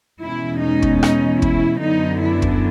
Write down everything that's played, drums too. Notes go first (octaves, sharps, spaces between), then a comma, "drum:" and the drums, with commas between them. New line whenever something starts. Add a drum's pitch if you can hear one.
E2 B2 G#3 C#4 E4
D#4
drum: kick
D#4, drum: rim click
E4, drum: kick
F#2 D3 F#3 B3 D4 D#4
E4
drum: kick